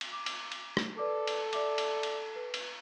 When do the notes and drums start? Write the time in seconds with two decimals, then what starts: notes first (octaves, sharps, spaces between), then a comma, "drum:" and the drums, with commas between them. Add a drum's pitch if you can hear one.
0.01 drum: cymbal
0.12 D6
0.26 drum: cymbal
0.52 drum: cymbal
0.77 drum: rim click
0.98 A4 B4 D5 D6
1.27 drum: cymbal
1.53 D5 E5 D6, drum: cymbal
1.78 drum: cymbal
2.03 drum: cymbal
2.36 B4
2.54 drum: cymbal